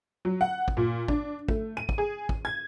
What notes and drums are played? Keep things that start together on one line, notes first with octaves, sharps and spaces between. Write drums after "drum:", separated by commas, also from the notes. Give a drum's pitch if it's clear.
F#3
F#5
drum: kick
A#2
D4, drum: kick
A3, drum: kick
D#7
drum: kick
G#4
drum: kick
G#6